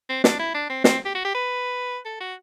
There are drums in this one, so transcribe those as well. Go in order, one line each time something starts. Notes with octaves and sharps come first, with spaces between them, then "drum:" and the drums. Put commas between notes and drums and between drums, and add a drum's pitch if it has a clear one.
C4
D4, drum: snare
E4
D4
C4
C4, drum: snare
G4
F#4
G4
B4
A4
F#4